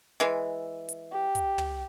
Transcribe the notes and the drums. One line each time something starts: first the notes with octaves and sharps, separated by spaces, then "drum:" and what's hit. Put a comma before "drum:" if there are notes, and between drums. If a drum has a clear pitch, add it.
E3 G#3
drum: hi-hat
G4
drum: kick, hi-hat
drum: tom